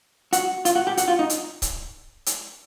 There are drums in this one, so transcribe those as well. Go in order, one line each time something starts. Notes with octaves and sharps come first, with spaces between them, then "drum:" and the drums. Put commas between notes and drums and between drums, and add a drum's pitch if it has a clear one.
F#4, drum: hi-hat
F4, drum: hi-hat
F#4
G4
F#4, drum: hi-hat
F4
D#4
drum: hi-hat
drum: kick C#1, hi-hat
drum: hi-hat